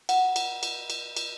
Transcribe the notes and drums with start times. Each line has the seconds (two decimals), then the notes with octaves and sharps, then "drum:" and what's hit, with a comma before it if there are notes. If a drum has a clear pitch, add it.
0.09 F#5, drum: cymbal
0.36 drum: cymbal
0.63 drum: cymbal
0.90 drum: cymbal
1.17 drum: cymbal